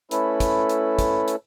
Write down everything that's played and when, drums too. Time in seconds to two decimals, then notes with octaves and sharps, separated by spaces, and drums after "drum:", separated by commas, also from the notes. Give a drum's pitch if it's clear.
0.11 A3 C#4 E4 A4 B4, drum: hi-hat
0.40 drum: kick, hi-hat
0.69 drum: hi-hat
0.99 drum: kick, hi-hat
1.28 drum: hi-hat